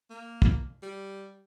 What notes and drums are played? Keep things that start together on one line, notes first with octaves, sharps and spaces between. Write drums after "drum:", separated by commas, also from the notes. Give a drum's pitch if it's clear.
A#3
drum: kick
G3